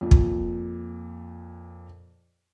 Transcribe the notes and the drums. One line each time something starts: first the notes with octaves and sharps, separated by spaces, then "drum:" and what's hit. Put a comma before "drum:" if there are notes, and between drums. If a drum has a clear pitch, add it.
F2 A#2
drum: kick